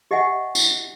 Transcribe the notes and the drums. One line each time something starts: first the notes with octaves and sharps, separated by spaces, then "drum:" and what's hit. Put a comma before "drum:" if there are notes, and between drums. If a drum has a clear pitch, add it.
G4 D#5 E5 F#5 G#5
drum: tambourine